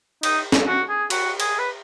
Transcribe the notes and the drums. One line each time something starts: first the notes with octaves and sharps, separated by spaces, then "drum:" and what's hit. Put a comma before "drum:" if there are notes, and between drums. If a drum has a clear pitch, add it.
D#4, drum: cymbal
drum: snare
F#4
G#4
F#4, drum: cymbal
G#4, drum: cymbal
B4